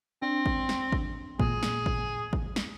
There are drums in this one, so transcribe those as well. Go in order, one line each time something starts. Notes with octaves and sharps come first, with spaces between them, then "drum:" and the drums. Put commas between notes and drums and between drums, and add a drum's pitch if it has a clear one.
C4 D4
drum: kick G#1
drum: snare
drum: kick G#1
A#2 G#4, drum: kick G#1
drum: snare
drum: kick G#1
drum: kick G#1
drum: snare